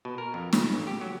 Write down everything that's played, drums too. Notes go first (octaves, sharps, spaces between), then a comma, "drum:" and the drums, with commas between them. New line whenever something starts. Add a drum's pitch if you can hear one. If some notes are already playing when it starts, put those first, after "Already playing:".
B2
A#4
F2
C#3, drum: snare
A1
G4
F#3